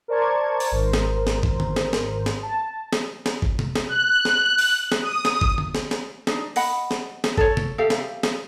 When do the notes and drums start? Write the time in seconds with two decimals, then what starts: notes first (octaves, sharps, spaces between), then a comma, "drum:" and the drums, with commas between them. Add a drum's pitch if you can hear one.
0.08 A#4 C5 D5 A5 C#6 G#6
0.60 drum: open hi-hat
0.71 G#1 G#2 A#4 C5
0.93 drum: snare
1.27 drum: snare
1.43 drum: kick G1
1.60 drum: tom D3
1.76 drum: snare
1.93 drum: snare
2.26 drum: snare
2.43 A5
2.93 drum: snare
3.26 drum: snare
3.42 drum: kick G1
3.59 drum: tom C3
3.75 drum: snare
3.88 F#6
4.25 drum: snare
4.58 drum: open hi-hat
4.92 drum: snare
5.01 D#6
5.25 drum: snare
5.41 drum: kick G1
5.58 drum: tom D3
5.75 drum: snare
5.91 drum: snare
6.27 D4 D#4, drum: snare
6.56 D#5 F#5 B5, drum: open hi-hat
6.91 drum: snare
7.24 drum: snare
7.37 A4 C#5, drum: kick G1
7.57 drum: tom C3
7.78 G4 A4 E5 F5
7.90 drum: snare
8.23 drum: snare